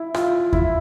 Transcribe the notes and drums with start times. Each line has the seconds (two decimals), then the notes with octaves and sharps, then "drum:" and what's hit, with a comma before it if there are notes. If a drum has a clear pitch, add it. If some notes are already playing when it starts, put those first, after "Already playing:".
Already playing: E4
0.14 F4, drum: rim click
0.53 E4, drum: kick D#2